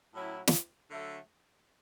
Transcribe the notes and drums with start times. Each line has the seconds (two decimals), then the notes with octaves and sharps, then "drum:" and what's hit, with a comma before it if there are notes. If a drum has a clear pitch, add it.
0.13 A2 F#3 C#4 E4
0.47 drum: snare
0.91 D3 F#3 A3